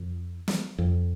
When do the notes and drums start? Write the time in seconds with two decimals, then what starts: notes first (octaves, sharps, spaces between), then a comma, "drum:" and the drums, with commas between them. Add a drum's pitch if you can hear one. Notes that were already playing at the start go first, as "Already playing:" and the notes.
Already playing: F2
0.48 drum: snare
0.78 F2